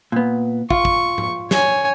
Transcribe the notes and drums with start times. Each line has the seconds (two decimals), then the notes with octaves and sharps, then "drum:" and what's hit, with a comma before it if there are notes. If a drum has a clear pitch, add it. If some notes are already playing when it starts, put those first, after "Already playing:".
0.12 A#2 B3
0.70 F4 C#6, drum: kick
0.85 drum: kick
1.18 drum: tom G#2
1.51 C#5 G#5, drum: snare